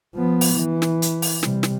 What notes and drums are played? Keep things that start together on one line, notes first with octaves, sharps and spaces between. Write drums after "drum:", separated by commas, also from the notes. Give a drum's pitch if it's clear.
F3 B3
drum: open hi-hat
E3
drum: snare
drum: hi-hat
drum: open hi-hat
C3 G3, drum: snare
drum: snare